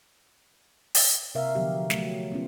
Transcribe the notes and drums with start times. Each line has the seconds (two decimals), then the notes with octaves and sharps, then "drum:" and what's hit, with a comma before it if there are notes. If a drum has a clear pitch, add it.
0.95 drum: open hi-hat
1.35 C3 A#4 E5 F5
1.55 D3 F3 F#3 B3 G4
1.90 F#3 A3, drum: snare
2.32 B3 C#4 F4